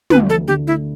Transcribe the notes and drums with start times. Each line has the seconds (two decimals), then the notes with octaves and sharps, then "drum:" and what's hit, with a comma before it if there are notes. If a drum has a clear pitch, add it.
0.10 D2 B4, drum: tom
0.30 A3 A4
0.48 D3 G4
0.67 A3 E4